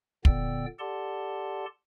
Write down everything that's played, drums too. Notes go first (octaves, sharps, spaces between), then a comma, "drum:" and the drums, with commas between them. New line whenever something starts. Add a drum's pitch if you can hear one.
A#2 D3 B3 D5 G5 E6, drum: kick
G4 A4 D5 F#5 A5 C6